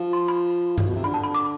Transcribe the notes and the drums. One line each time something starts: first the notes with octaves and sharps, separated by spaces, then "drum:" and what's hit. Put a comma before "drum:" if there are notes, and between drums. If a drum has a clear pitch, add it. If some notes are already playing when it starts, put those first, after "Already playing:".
Already playing: F3
C6
B5
A2, drum: tom G2
B2
C3
D3 B5
A5
B5
D6